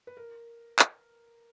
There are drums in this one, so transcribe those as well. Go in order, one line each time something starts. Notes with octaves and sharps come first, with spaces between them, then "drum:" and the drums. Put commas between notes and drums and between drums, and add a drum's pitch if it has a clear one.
B4
A#4
drum: clap